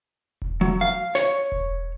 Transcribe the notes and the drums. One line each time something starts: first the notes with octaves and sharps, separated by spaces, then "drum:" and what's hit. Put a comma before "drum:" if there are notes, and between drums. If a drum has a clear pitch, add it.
drum: kick E1
F#3
F5
C#5, drum: snare
drum: kick E1